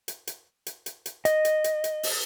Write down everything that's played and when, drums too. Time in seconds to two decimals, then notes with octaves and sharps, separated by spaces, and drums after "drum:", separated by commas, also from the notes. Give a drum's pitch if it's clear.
0.08 drum: hi-hat
0.27 drum: hi-hat
0.67 drum: hi-hat
0.86 drum: hi-hat
1.06 drum: hi-hat
1.25 D#5, drum: hi-hat
1.45 drum: hi-hat
1.64 drum: hi-hat
1.84 drum: hi-hat
2.03 drum: open hi-hat